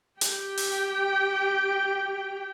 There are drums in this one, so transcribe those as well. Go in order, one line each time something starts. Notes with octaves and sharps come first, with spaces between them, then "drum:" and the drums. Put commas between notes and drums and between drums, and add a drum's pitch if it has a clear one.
G4 G5, drum: hi-hat
drum: open hi-hat